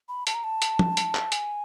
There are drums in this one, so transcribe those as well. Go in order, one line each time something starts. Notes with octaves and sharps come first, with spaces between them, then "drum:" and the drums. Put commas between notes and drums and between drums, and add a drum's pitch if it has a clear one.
B5
A5, drum: hi-hat
A#5
A5
drum: hi-hat
drum: tom
drum: hi-hat
drum: clap
G#5, drum: hi-hat